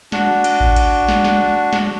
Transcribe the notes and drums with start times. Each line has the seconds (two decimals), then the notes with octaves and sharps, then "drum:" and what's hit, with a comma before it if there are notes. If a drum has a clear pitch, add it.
0.12 D4 F#4, drum: snare
0.44 drum: cymbal
0.60 drum: kick A1
0.76 drum: cymbal
1.08 drum: snare
1.24 drum: snare
1.73 drum: snare